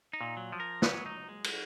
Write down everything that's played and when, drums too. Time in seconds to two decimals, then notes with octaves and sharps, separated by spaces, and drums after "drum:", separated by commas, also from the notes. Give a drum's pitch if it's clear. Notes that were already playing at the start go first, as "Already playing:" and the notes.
0.13 D#4
0.21 A#2
0.37 F#3
0.52 F3
0.60 A#4
0.82 F#3 B3, drum: snare
1.06 D#4
1.29 G#3
1.44 drum: cymbal